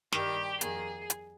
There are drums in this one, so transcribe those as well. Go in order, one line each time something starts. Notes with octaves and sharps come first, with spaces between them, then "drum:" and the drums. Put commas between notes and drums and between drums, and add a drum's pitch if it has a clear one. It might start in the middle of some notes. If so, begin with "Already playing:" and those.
G2 D#3 G3 G4, drum: snare
F2 D#3 A#3 G#4, drum: hi-hat
drum: hi-hat